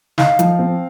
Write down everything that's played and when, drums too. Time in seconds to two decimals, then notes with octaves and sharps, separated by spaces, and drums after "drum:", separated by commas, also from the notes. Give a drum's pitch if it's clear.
0.18 D#4 F5, drum: snare
0.39 F3, drum: hi-hat
0.59 C4